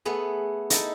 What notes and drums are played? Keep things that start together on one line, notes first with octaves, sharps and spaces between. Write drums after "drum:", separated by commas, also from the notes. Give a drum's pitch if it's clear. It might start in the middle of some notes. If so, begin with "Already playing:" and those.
A3 B3 G#4
D#4 E4 A4, drum: hi-hat